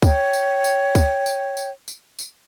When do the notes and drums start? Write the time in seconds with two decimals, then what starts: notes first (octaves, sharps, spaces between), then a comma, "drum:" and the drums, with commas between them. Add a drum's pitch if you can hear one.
0.02 C#5 G5, drum: kick C#2, tambourine
0.33 drum: tambourine
0.64 drum: tambourine
0.95 drum: kick C#2, tambourine
1.26 drum: tambourine
1.57 drum: tambourine
1.88 drum: tambourine
2.19 drum: tambourine